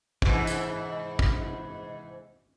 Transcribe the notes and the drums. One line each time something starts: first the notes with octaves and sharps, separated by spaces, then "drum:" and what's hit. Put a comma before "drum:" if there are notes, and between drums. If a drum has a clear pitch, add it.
G#2 E3, drum: kick
drum: hi-hat
drum: kick